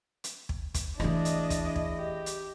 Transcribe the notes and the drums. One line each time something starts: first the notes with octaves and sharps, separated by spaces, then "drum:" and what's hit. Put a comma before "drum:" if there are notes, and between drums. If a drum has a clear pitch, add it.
drum: hi-hat
drum: kick
drum: kick, hi-hat
E3 A3 D4 E4 G#4 D#5, drum: rim click
drum: hi-hat
drum: kick, hi-hat
drum: kick
G4
drum: hi-hat